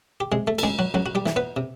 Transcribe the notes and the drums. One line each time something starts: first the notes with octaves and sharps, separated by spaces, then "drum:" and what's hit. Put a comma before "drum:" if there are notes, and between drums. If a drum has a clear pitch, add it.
G4
C3 G#3 G#4
A3 A4
A4, drum: cymbal
C#2 G#3 G#4
F#3 F#4
C#2 F#3 F#4
F#4
G3 G4
E3, drum: snare
B3 B4
C3